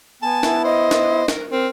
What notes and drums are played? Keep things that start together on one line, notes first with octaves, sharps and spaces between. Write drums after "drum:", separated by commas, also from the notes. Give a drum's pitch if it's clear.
B3 G#5 A5
B3 E4, drum: snare
C5 D#5
drum: snare
A#4, drum: snare
C4 A#4